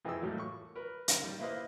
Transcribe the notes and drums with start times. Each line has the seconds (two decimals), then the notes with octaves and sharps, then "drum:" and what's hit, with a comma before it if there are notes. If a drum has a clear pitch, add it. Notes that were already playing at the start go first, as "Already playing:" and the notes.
0.05 F2 E3 G#4 D#5 G5 E6
0.21 A2 F#3 G3 A3 A#3
0.40 C#6
0.76 A#4 B4
1.08 drum: hi-hat
1.22 D#3 G3 A#3
1.39 A#3 E4 B4 C5 D#5 F5